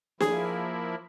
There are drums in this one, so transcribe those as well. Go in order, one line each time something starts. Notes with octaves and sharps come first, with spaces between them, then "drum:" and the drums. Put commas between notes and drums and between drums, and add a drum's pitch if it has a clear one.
F3 A#3 E4 G#4, drum: snare